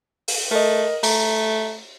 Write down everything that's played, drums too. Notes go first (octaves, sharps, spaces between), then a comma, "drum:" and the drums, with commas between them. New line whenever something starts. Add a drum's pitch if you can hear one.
drum: open hi-hat
A3 A#4 D#5
A3 A#5, drum: open hi-hat